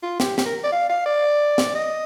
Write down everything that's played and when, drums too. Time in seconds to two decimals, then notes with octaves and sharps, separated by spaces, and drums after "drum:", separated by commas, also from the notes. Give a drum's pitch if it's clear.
0.03 F4
0.20 G4, drum: snare
0.38 G4, drum: snare
0.45 A#4
0.64 D5
0.72 F5
0.89 F5
1.06 D5
1.58 drum: snare
1.75 D#5